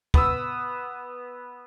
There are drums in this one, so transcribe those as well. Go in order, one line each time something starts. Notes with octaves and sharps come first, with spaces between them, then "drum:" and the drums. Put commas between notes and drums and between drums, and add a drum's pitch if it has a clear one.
B3 D#6 E6, drum: kick